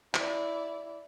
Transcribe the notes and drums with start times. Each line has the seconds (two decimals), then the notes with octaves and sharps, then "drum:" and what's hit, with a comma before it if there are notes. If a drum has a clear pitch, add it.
0.14 E4 D5, drum: clap